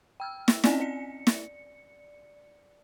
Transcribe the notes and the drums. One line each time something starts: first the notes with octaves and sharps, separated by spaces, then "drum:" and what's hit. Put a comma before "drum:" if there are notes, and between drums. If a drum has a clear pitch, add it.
G5 E6 F6
drum: snare
C4 C#4 D5 D#5 G#5 B6, drum: snare
D5 C#7
drum: snare